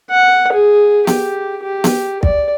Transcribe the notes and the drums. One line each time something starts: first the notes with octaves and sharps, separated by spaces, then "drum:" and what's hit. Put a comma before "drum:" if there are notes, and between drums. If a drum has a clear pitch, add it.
F#5
G#4
G4, drum: snare B3
G4
drum: snare B3
D5, drum: kick